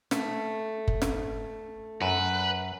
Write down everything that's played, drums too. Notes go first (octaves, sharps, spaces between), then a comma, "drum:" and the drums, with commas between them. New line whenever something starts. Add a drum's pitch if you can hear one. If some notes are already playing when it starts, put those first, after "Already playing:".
A3, drum: snare
drum: kick F#1
drum: snare
F#2 B4